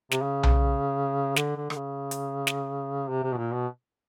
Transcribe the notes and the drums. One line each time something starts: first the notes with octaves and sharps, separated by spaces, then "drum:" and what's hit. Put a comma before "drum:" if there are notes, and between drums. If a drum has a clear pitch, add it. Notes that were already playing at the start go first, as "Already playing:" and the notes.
C3, drum: snare
C#3
drum: tom B1
D3, drum: snare
D3
D3, drum: rim click
C#3
drum: hi-hat
drum: snare
C3
C3
B2
A#2
B2